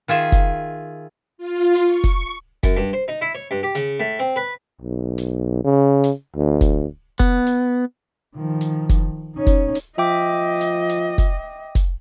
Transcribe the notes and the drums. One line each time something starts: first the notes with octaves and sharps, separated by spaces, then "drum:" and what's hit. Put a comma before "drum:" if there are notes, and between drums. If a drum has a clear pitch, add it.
D#3 F4 G#4 E5
drum: kick F1, hi-hat
F4
drum: hi-hat
C#6
drum: kick F1, hi-hat
F#2, drum: kick F1, hi-hat
G2
C5
D#4
E4
C#5
G2
G4
C#3, drum: hi-hat
A2
C4
B4
B1
drum: hi-hat
C#3
drum: hi-hat
D2
drum: kick F1, hi-hat
B3, drum: kick F1, hi-hat
drum: hi-hat
D#3 F3
drum: hi-hat
drum: kick F1, hi-hat
C#4 D#4
drum: kick F1, hi-hat
drum: hi-hat
F3 D#5 E5 G5 D6
drum: hi-hat
drum: hi-hat
drum: kick F1, hi-hat
drum: kick F1, hi-hat